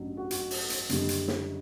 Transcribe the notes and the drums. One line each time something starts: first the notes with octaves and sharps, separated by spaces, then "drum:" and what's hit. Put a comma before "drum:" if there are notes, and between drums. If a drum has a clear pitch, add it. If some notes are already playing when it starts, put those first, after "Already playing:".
Already playing: A1 G2 F#3
F#4
F#4, drum: hi-hat
drum: open hi-hat
drum: hi-hat
F#1 F#2 D3 G3, drum: hi-hat
drum: hi-hat
drum: snare